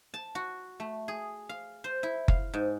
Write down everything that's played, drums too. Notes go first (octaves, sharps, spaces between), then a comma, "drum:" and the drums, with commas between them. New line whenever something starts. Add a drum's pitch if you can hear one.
A5
F#4
A3
G#4
F5
C5
E4
F5, drum: kick F#1
G#2